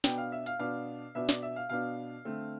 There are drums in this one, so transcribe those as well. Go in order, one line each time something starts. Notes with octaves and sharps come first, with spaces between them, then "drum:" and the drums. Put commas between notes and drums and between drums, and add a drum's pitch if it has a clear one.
B2 B3 D4 G5, drum: snare
F5
E5
F5, drum: hi-hat
B2 B3 D4 F5
B2 B3 D4 E5
D5, drum: snare
E5
F5
B2 B3 D4 F5
D3 A3 C4